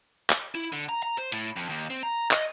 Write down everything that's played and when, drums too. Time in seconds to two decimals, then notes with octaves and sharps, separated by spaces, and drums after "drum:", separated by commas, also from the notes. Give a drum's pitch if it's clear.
0.30 drum: clap
0.55 E4
0.73 D3
0.89 A#5
1.03 A#5
1.18 C5
1.32 A2, drum: hi-hat
1.56 F2
1.69 D#2
1.90 C4
2.03 A#5
2.31 D#5, drum: clap